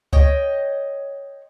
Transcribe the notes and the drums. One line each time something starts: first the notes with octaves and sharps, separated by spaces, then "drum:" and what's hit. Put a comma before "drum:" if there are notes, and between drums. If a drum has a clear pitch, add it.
C#5 D#5 G5, drum: kick C#2